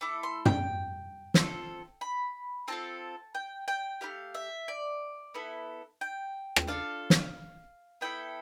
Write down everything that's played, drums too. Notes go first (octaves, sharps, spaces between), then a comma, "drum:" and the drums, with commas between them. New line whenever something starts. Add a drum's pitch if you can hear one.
A3 E4 A4 D6
C6
G5, drum: tom
C4 F4 A4, drum: snare
B5
C4 F4 A4 A5
G5
G5
A3 E4 G4 F5
E5
D5
B3 E4 A4
G5
drum: rim click
D4 F4 A4 F5
drum: snare
B3 E4 A4 G5